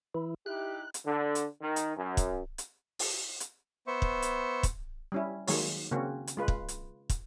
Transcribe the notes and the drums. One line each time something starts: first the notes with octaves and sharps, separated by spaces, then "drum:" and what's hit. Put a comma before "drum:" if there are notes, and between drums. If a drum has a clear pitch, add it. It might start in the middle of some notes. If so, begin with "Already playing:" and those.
E3 E4
D#4 E4 G4 F#6
drum: hi-hat
D3
drum: hi-hat
D#3
drum: hi-hat
F#2
drum: kick, hi-hat
drum: hi-hat
drum: open hi-hat
drum: hi-hat
B3 C5 E5 C#6
drum: kick
drum: hi-hat
drum: kick, hi-hat
G3 C#4 E4
D#3 F#3 G#3 A#3 C#5, drum: open hi-hat
C#3 A#3 C4 C#4 F#4
drum: hi-hat
G#3 F4 B4
drum: kick
drum: hi-hat
drum: kick, hi-hat